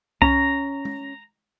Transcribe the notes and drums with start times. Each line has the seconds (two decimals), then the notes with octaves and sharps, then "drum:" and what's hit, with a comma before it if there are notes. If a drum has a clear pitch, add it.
0.22 C#4 A#5, drum: kick C2
0.85 drum: tom G#3